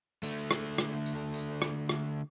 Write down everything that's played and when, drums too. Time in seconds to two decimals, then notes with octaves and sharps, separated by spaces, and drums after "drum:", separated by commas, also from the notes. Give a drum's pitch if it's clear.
0.23 D3 A3, drum: tambourine
0.51 drum: rim click
0.78 drum: rim click
1.06 drum: tambourine
1.34 drum: tambourine
1.62 drum: rim click
1.89 drum: rim click